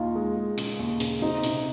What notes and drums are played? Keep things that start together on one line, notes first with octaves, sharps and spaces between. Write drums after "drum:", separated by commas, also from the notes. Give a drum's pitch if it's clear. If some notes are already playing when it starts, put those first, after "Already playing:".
Already playing: D#2 D#4 F4
G#3
G#3
C#3, drum: hi-hat
D#2
C#3, drum: hi-hat
C4 D#4
C3, drum: hi-hat